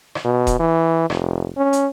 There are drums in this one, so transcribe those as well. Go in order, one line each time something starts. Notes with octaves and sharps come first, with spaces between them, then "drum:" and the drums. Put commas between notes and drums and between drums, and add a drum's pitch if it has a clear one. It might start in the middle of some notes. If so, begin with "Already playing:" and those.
drum: rim click
B2
drum: kick D#1, hi-hat
E3
F1, drum: rim click
C#4
drum: hi-hat